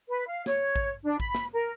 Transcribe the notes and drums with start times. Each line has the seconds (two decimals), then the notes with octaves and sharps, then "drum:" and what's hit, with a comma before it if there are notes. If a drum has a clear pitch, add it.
0.08 B4
0.27 F5
0.46 C#5, drum: snare
0.76 drum: kick A1
1.05 D4
1.20 B5, drum: kick A1
1.35 drum: snare
1.52 A#4